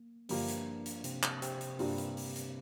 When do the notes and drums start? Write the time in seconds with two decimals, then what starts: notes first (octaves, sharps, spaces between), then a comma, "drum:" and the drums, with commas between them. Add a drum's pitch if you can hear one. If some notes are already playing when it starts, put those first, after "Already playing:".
Already playing: A#3
0.29 G2 D3 F3 A#3 G4, drum: open hi-hat
0.48 drum: hi-hat
0.86 drum: hi-hat
1.04 C3 C4, drum: hi-hat
1.23 drum: clap
1.42 C3 C4, drum: hi-hat
1.61 drum: hi-hat
1.79 G2 G3 A#3 D4 F4, drum: open hi-hat
1.98 drum: hi-hat
2.17 drum: open hi-hat
2.35 drum: hi-hat